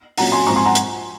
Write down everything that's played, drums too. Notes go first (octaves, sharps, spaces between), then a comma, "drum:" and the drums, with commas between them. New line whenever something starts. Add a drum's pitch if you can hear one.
A#2 F#3 C#4 F#5 A#5, drum: open hi-hat
G#5 C6
G#2 F3 C4 A#5 C#6
G#5 C6
F#5 A#5
drum: hi-hat